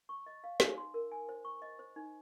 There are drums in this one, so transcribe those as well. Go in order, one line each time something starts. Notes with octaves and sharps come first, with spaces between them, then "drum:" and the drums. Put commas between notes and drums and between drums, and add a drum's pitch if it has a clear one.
C#6
D#5
F5
D#4, drum: snare
C6
A#4
G#5
C5
C#6
D#5
C5
D#4